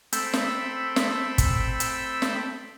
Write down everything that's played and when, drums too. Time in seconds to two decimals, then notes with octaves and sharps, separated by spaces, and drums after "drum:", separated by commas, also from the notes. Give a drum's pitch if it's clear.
0.13 A3 C4 G5 B5 E6, drum: hi-hat
0.33 drum: snare
0.96 drum: snare
1.38 drum: kick, hi-hat
1.80 drum: hi-hat
2.22 drum: snare